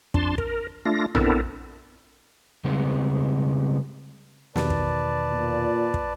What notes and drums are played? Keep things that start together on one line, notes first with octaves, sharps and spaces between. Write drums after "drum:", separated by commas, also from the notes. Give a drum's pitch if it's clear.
F2 D4 A5 C6, drum: kick
A#4, drum: kick
A3 D4 F4 A#6
B3 C4 D4 E4 A4 A#4, drum: tom A#1
C#3 G3 G#3 B3 C4
E2 B2 D#3 B4 D5 A5, drum: snare
drum: kick
A#2
drum: kick